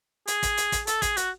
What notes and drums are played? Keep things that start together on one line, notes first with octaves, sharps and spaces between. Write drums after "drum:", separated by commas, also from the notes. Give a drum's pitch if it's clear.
G#4, drum: hi-hat
drum: kick, hi-hat
drum: hi-hat
drum: kick, hi-hat
A4, drum: hi-hat
G#4, drum: kick, hi-hat
F#4, drum: hi-hat